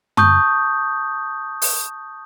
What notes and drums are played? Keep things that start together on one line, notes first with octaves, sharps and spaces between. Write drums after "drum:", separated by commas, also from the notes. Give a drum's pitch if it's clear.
A5 C#6 D#6 G6, drum: tom F#2
drum: open hi-hat